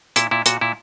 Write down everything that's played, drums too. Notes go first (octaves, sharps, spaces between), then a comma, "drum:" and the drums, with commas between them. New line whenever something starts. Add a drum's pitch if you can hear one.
A#2 E4, drum: hi-hat
A#2 E4
A#2 F#4, drum: hi-hat
A#2 E4